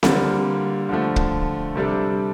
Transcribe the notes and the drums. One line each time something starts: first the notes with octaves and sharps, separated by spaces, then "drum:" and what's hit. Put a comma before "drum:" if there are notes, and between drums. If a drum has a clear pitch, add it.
D3 G3 A#3 F4, drum: snare C4
D3 F3 A3
drum: kick
C3 G3 D4 A4